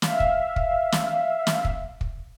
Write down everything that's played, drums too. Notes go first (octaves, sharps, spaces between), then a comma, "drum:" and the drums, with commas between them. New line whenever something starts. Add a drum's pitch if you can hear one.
E5 F5, drum: snare
drum: kick
drum: kick
drum: snare
drum: snare
drum: kick
drum: kick